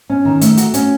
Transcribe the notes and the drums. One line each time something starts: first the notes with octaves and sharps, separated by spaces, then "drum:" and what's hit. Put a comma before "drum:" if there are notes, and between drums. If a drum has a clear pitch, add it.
C#4
D#3
A3, drum: hi-hat
F#4, drum: hi-hat
C#4, drum: hi-hat